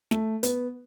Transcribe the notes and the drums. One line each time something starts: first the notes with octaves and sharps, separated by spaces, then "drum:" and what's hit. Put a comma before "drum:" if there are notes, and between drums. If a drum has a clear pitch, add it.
A3, drum: snare
B3, drum: hi-hat